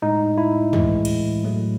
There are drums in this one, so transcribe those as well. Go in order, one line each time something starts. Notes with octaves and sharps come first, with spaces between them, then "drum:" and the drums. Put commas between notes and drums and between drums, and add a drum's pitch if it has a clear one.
A2 G#3 D#4
E4
A2 E3 G#3, drum: tom
drum: cymbal
A2 F#3 A3